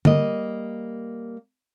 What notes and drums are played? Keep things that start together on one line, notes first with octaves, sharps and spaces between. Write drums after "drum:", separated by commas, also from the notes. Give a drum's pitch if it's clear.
G3 A#3 D#5, drum: tom D3